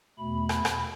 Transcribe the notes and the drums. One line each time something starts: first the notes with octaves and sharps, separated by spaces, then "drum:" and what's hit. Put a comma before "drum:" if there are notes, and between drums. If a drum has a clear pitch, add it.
E2 B2 A3 B5
drum: rim click
drum: rim click